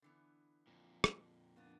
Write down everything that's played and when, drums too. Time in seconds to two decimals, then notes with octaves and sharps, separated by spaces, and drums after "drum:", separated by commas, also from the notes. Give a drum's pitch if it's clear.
0.02 D3 E3 B3
0.67 F2 A#2
1.04 drum: rim click
1.56 A#3 B3 D4